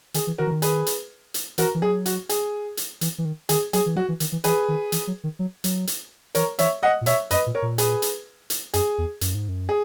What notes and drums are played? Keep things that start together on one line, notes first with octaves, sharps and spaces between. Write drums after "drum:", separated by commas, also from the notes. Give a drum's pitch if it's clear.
D#3 G#4, drum: hi-hat
E3
D#3 F#4 A#4
E3
D#3
G#4 B4, drum: hi-hat
drum: hi-hat
drum: hi-hat
E3 F#4 A#4, drum: hi-hat
E3
F#3 G#4
F#4, drum: hi-hat
G#4, drum: hi-hat
drum: hi-hat
E3, drum: hi-hat
E3
D#3
D#3 G#4, drum: hi-hat
F#3 G#4, drum: hi-hat
E3
F#3 F#4
E3
D#3, drum: hi-hat
E3
E3 G#4 B4, drum: hi-hat
D#3
E3, drum: hi-hat
F#3
D#3
F#3
F#3, drum: hi-hat
drum: hi-hat
E3 A#4 C#5, drum: hi-hat
E3 C#5 E5, drum: hi-hat
D#5 F#5
A#2
B2 C#5 E5, drum: hi-hat
F#2 B4 D#5, drum: hi-hat
A#2
A#4 C#5
A#2
G#4 B4, drum: hi-hat
drum: hi-hat
drum: hi-hat
F#2 G#4, drum: hi-hat
E2
F#2, drum: hi-hat
G#2
F#2
G#4